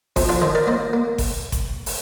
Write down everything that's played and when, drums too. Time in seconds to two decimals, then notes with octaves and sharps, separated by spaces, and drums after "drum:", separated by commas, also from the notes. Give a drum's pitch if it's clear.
0.16 F2 C4 D#4, drum: kick G1, open hi-hat
0.29 D4 F4
0.41 D#3 C5 D#5
0.55 A#4 D5
0.67 A#3 C5 D#5
0.93 A#3
1.18 drum: kick G1, open hi-hat
1.52 drum: kick G1, hi-hat
1.86 drum: open hi-hat